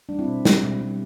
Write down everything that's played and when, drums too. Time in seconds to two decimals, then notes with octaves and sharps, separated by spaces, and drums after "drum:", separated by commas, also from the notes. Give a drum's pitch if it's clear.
0.09 G3 D4
0.19 C4 E4
0.28 B2
0.45 G3, drum: snare
0.63 B2
0.81 G3